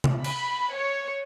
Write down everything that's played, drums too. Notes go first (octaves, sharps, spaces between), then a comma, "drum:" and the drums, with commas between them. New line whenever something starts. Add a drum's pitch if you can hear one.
drum: tom C3
B5, drum: cymbal
C#5